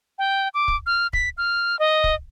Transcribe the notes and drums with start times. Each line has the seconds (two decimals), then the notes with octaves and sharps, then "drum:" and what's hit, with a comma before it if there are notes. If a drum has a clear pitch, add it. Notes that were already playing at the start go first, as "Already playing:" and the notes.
0.19 G5
0.54 D6
0.68 drum: kick
0.86 F6
1.13 B6, drum: kick
1.38 F6
1.79 D#5
2.04 drum: kick